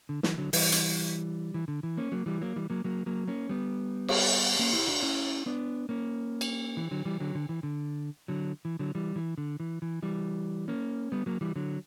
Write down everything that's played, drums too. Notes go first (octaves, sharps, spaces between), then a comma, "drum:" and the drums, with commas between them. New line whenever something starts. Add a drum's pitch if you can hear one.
D3
E3, drum: snare
D3 F#3
E3 G3, drum: open hi-hat
drum: hi-hat
E3
D3
E3
A#3 C#4
F#3 A#3
E3 G3
F#3 A#3
E3 G3
F#3 A#3
F#3 A#3
F#3 A#3
A#3 C#4
G3 B3
drum: cymbal
A#3 C#4
E4 G4
D4 F#4
C#4 E4
B3 D4
A#3 C#4
drum: cymbal
E3
D3 F#3
E3 G3
D3 F#3
D3
E3
D3
D3 F#3
E3
D3 F#3
E3 G3
E3
D3
E3
E3
E3 G3
A#3 C#4
G3 B3
F#3 A#3
E3 G3
D3 F#3